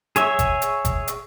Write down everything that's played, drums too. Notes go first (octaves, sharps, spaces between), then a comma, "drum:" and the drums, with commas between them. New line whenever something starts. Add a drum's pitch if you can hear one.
G#4 C#5 E5, drum: hi-hat
drum: kick G1, hi-hat
drum: hi-hat
drum: kick G1, hi-hat
drum: hi-hat